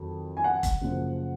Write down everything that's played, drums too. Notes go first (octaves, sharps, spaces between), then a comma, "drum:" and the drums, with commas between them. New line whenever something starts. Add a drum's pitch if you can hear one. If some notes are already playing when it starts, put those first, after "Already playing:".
Already playing: F2 D#3 F#3
G#5
F#5
drum: kick, hi-hat
F#1 F#2 F3